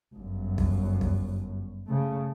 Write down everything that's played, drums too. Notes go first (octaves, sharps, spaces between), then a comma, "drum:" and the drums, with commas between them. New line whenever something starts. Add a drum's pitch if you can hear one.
G1 F#2
drum: kick
drum: kick
C#3 A3